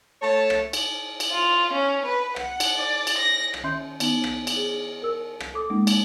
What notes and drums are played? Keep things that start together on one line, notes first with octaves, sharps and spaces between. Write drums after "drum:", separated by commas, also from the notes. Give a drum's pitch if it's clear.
A3 C#5 A5
drum: rim click
drum: cymbal
drum: cymbal
F4
C#4
B4
F#5, drum: rim click
drum: cymbal
D5
drum: cymbal
A#6
drum: rim click
D#3 C#4 E5 C6 G6
D#3 B3 D#4, drum: cymbal
drum: rim click
drum: cymbal
G#4
A#4 E6
drum: rim click
A4 D6 D#6
G#3 A#3 C#4 D#4
drum: cymbal